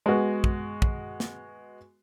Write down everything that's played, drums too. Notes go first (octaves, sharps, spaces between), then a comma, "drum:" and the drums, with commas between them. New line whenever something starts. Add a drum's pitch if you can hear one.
G#3 B3 F#4
drum: kick
drum: kick
drum: snare